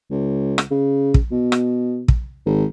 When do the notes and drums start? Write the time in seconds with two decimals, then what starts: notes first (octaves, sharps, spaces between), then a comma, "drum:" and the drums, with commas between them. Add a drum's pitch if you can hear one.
0.11 C#2
0.58 drum: rim click
0.71 C#3
1.14 drum: kick
1.31 B2
1.52 drum: rim click
2.08 drum: kick
2.46 G#1